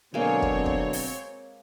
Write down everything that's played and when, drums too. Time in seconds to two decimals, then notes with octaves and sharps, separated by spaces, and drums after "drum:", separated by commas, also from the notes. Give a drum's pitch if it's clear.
0.14 B2 D3 F#3 G#3 A#3 C4 C#5
0.42 drum: kick
0.66 drum: kick
0.93 drum: open hi-hat